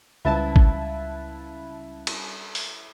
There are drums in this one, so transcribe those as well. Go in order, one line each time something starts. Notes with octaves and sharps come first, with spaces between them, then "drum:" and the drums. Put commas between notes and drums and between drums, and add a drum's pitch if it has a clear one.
C#2 G3 C#4 E4 B4 F5 A5
drum: kick
drum: cymbal
drum: open hi-hat